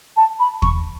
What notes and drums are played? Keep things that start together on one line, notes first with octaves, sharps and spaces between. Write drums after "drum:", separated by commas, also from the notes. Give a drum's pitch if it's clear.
A5
B5
C#6, drum: kick